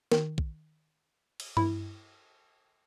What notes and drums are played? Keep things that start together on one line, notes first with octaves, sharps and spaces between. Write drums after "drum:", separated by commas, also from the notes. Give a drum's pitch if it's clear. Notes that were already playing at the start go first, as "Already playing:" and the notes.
D#3, drum: snare
drum: kick
drum: cymbal
E4, drum: tom G2